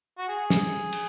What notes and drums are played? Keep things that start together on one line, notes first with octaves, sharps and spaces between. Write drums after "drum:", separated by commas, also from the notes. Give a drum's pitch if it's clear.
F#4
G#4
drum: snare
drum: cymbal